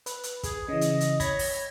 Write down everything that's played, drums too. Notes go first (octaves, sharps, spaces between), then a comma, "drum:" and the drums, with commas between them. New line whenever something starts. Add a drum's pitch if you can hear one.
B4, drum: hi-hat
drum: hi-hat
G#4, drum: kick, hi-hat
C#3 E3 D#5
drum: hi-hat
drum: hi-hat
C#5 B5 G#6 A#6, drum: kick, hi-hat
drum: open hi-hat